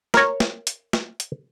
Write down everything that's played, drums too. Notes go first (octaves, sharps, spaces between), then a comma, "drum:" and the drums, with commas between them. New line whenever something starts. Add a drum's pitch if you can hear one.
A#4 C#5, drum: snare
drum: snare
drum: hi-hat
drum: snare
drum: hi-hat